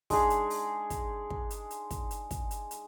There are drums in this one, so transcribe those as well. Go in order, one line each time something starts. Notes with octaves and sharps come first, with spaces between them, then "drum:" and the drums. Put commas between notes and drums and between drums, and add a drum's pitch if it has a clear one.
G#3 D4 D#4 G#4, drum: kick, open hi-hat
drum: hi-hat
drum: open hi-hat
drum: kick, hi-hat
drum: kick
drum: hi-hat
drum: hi-hat
drum: kick, hi-hat
drum: hi-hat
drum: kick, hi-hat
drum: hi-hat
drum: hi-hat